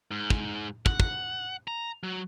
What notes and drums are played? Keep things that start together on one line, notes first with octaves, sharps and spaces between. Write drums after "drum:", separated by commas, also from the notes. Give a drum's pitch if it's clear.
G#2
drum: kick
F#5, drum: kick
drum: kick
A#5
F#3